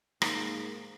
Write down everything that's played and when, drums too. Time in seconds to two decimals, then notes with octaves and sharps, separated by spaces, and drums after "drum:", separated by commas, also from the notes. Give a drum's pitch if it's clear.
0.22 G#2 A#3, drum: rim click